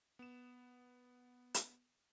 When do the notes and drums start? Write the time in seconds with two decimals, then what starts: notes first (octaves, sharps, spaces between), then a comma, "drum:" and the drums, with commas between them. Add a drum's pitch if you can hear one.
0.19 B3 E7
1.54 drum: hi-hat